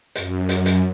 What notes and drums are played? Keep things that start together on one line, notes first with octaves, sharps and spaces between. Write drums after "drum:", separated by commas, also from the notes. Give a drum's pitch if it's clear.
F#2, drum: hi-hat
drum: hi-hat
drum: hi-hat